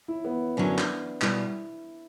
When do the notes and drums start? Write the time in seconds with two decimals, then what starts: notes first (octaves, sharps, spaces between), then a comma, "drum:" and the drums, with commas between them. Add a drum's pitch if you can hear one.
0.08 E4
0.25 B3
0.57 F#2 D3 F#3 C#4 D4
0.78 drum: clap
1.22 B2 G3 E4, drum: clap